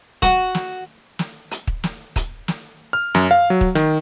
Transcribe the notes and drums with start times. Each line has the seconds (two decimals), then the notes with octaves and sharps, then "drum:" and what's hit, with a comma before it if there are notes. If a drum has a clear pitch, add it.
0.22 F#4, drum: kick, hi-hat
0.55 drum: snare
1.19 drum: snare
1.51 drum: hi-hat
1.67 drum: kick
1.84 drum: snare
2.16 drum: kick, hi-hat
2.48 drum: snare
2.93 F6
3.15 F#2, drum: snare
3.31 F5
3.50 F#3
3.61 drum: kick
3.75 D#3, drum: snare